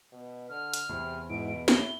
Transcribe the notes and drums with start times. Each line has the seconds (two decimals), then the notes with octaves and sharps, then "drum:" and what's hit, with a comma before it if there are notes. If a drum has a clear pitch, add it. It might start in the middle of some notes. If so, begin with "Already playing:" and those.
0.12 B2
0.50 D3 F6
0.74 drum: hi-hat
0.89 E2 C3
1.30 G#2 B2 E4 D7
1.68 C#4 E4 G7, drum: snare